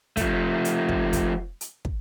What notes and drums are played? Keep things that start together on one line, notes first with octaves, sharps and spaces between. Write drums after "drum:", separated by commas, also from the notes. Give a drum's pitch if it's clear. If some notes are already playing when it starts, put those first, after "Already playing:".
F3 A3, drum: kick, hi-hat
drum: hi-hat
drum: kick
drum: kick, hi-hat
drum: hi-hat
drum: kick